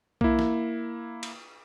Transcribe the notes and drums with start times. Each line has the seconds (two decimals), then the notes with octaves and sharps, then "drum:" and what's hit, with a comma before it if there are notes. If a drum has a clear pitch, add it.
0.21 A#3 E4, drum: kick B1
0.39 drum: snare
1.23 drum: cymbal